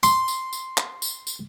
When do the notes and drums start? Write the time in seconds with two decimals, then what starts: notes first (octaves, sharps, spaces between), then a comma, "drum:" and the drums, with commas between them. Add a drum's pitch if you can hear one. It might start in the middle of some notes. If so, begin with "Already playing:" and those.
0.03 C6, drum: tambourine
0.28 drum: tambourine
0.53 drum: tambourine
0.77 drum: clap
1.02 drum: tambourine
1.27 drum: tambourine